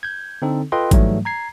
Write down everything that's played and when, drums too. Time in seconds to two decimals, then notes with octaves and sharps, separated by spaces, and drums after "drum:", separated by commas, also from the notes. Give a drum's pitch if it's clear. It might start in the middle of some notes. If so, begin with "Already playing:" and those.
0.03 G6 G#6
0.42 D3 C4 D#4 A4
0.72 F4 A4 B4 D#5 G5 C6
0.91 G#2 E3 F#3 G3 A3, drum: kick G#1, hi-hat
1.25 A#5 G#6 C7